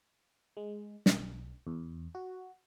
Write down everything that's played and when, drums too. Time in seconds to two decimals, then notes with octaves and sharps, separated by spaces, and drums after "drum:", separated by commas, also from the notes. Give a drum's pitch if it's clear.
0.57 G#3
1.06 B1, drum: snare
1.67 E2
2.15 F#4